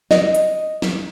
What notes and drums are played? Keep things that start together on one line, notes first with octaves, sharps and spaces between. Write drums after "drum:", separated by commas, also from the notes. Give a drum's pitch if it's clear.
D#5, drum: snare
drum: hi-hat
drum: snare